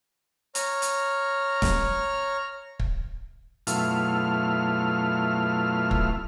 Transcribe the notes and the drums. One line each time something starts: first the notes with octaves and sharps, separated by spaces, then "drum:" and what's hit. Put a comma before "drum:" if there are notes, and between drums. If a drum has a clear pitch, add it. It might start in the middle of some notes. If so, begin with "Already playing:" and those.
C#5 A#5 F6, drum: hi-hat
drum: hi-hat
drum: snare
drum: kick
F#2 B2 A3 E4 F4 F6, drum: hi-hat
drum: kick